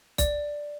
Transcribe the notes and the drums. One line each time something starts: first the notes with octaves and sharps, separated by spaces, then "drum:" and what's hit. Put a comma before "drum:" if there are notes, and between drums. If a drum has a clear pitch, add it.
D5, drum: kick B1, hi-hat